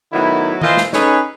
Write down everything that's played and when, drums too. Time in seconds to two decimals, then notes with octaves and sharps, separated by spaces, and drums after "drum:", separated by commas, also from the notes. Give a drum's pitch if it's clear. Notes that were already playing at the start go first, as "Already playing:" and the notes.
0.13 A2 D#3 F#3 B3 E4
0.61 E3 A#3 F4 A#4 C5 D#5, drum: tom D#3
0.77 drum: snare
0.93 C#4 D#4 G#4 A4 B4 C#5, drum: snare